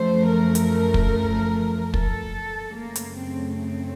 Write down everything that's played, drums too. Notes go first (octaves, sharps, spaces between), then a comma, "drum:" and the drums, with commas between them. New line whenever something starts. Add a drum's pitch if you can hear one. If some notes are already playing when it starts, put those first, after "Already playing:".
Already playing: F#2 F3 A3 C5
A#4
drum: hi-hat
drum: kick
A4, drum: kick
F#2 C#3 F#3 A3 A#3
drum: hi-hat
C4
C4